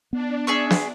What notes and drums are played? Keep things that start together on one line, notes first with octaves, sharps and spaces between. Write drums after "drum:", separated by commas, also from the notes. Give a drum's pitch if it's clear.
B3 D4
G#4 E5 C#6
drum: snare